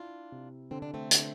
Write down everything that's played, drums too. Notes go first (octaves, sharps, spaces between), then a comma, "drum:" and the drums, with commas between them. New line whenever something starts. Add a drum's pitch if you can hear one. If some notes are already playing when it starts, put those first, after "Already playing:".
Already playing: D4 E4 F4
C3
D3 C4
D4
A3 C4
D3, drum: hi-hat